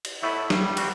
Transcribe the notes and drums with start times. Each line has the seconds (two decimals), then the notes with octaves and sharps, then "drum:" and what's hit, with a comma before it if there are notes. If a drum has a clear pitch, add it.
0.05 drum: cymbal
0.22 A2 A3 B3 E4
0.50 G3, drum: snare
0.77 C4 D4 F#4, drum: cymbal